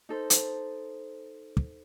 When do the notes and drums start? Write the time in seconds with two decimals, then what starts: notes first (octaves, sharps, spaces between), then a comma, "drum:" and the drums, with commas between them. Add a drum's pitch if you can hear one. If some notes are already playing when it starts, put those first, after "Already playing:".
0.09 D#4 A4 C5
0.30 drum: hi-hat
1.57 drum: kick